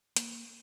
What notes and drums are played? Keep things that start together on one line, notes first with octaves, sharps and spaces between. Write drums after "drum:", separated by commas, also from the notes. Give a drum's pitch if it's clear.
A#3, drum: hi-hat